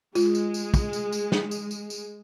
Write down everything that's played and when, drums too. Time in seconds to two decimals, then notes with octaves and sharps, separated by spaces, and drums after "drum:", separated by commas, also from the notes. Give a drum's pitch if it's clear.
0.15 G#3 F4, drum: tambourine
0.35 drum: tambourine
0.54 drum: tambourine
0.74 drum: kick, tambourine
0.93 drum: tambourine
1.12 drum: tambourine
1.32 drum: snare
1.51 drum: tambourine
1.71 drum: tambourine
1.90 drum: tambourine